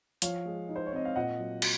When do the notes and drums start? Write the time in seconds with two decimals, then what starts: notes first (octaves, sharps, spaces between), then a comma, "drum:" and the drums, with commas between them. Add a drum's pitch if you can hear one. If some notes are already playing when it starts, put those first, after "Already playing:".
0.22 F3 C#5 F5, drum: hi-hat
0.46 G#3
0.69 D#4
0.76 C5
0.86 C#5
0.93 C4 D#5
1.05 F5
1.16 A#2 D#5 F#5
1.38 F#3
1.62 F#4, drum: cymbal